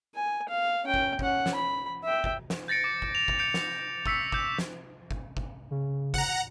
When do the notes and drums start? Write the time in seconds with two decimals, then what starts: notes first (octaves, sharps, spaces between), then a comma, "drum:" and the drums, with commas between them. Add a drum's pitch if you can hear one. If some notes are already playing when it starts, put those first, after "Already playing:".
0.15 G#5
0.49 F5
0.84 C#4 G5
0.94 drum: kick G1
1.19 C#4 F#5, drum: kick G1
1.46 drum: snare
1.55 B5
2.04 E5 G5
2.24 drum: kick G1
2.50 drum: snare
2.68 G6 A6 A#6 C#7 D7
2.84 D6
3.02 drum: kick G1
3.15 F7
3.28 drum: kick G1
3.39 G6 C#7 D7 F7
3.54 drum: snare
4.06 C#6 E6 B6 C#7, drum: kick G1
4.32 D6 G6, drum: kick G1
4.58 drum: snare
5.11 drum: kick G1
5.37 drum: kick G1
5.71 C#3
6.14 F#5 A#5, drum: kick G1